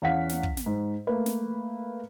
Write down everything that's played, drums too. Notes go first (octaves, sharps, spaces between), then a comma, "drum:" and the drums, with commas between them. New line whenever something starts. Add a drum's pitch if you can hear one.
E2 C#4 F5 F#5 B6
drum: snare
drum: kick
drum: snare
G#2
A3 A#3 B4
drum: snare